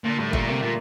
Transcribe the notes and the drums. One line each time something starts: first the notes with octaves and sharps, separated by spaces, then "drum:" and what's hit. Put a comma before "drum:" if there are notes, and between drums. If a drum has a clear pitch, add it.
A#2 D3
A2 G3
A#3
A#2 A3, drum: kick G1
C3 A#3
A#2